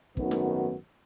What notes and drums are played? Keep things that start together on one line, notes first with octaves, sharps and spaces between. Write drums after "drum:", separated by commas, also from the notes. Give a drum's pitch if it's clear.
G#1 F#2 D#3 A3 B3 F#4, drum: kick
drum: snare